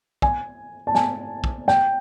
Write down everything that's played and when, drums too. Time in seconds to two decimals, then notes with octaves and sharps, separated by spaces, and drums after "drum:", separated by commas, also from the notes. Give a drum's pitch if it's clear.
0.22 G#5, drum: kick
0.87 A5
0.95 G#5, drum: snare
1.44 drum: kick
1.68 G5, drum: snare